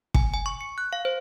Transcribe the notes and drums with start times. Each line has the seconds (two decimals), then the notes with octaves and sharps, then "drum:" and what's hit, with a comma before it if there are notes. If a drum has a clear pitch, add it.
0.14 G#5, drum: kick
0.34 G#5
0.46 C#6
0.61 C#7
0.78 F#6
0.93 F5
1.05 C5